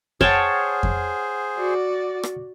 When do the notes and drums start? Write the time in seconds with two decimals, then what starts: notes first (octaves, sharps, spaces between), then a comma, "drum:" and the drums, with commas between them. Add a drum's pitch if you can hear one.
0.21 G#4 C5 C#5 F#5 G5 A5 D#6 F6, drum: kick F2
0.83 drum: kick F2
1.57 F#4 D5
2.23 drum: rim click